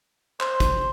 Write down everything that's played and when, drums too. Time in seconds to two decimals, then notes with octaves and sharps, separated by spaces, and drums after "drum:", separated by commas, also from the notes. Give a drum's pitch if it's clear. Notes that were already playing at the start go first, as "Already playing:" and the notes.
0.41 C5, drum: clap
0.60 drum: kick, hi-hat